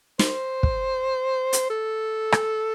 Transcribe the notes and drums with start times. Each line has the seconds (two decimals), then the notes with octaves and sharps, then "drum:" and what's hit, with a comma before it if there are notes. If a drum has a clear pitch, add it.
0.19 C5, drum: snare
0.63 drum: kick
1.53 drum: hi-hat
1.70 A4
2.32 drum: rim click